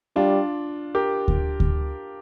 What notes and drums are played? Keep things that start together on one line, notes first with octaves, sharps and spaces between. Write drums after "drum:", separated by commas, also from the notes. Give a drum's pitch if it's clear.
G3 D4 F4
G4 A#4
drum: kick D2
drum: kick D2